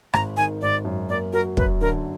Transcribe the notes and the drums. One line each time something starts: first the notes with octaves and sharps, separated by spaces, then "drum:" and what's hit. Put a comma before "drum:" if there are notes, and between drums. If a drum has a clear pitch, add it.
G#1 A#5, drum: rim click
D#3 G#5
G#1 D5
F#2
A#3 D5
F#3 A#4
F#2 B4, drum: kick
D3 A#4